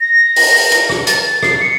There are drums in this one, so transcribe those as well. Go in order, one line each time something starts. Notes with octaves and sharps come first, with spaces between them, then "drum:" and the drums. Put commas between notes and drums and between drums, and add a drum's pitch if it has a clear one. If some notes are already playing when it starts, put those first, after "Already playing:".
A#6
drum: open hi-hat
drum: hi-hat
drum: rim click
A6, drum: hi-hat
A6
C7, drum: rim click
C#7